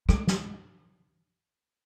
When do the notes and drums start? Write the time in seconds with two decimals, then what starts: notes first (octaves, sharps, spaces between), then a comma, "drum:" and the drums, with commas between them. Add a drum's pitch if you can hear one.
0.09 G#3, drum: rim click
0.27 drum: snare